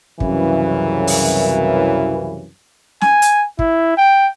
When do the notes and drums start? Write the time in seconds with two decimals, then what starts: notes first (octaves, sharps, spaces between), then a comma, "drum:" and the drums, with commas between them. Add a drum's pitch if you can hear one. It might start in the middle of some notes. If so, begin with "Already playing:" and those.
0.20 C2 F#2 C#3 E3, drum: kick
1.07 drum: open hi-hat
3.01 G#5, drum: snare
3.22 drum: hi-hat
3.59 E4, drum: kick
3.97 G5